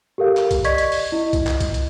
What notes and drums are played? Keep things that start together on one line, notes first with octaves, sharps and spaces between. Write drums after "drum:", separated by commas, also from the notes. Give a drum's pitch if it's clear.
G4 A4 A#4 F5
drum: clap
drum: kick A#1, hi-hat
D5 D#5 C#6 G#6 B6, drum: hi-hat
drum: hi-hat
drum: open hi-hat
E4 D#5
drum: kick A#1, hi-hat
drum: clap
drum: kick A#1, hi-hat
drum: hi-hat